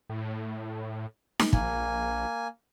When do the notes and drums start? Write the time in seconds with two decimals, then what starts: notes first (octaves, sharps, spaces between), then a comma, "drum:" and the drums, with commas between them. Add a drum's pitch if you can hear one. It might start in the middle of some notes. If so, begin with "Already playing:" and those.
0.10 A2
1.39 drum: snare D#4
1.53 A#1 A#3 G#5, drum: kick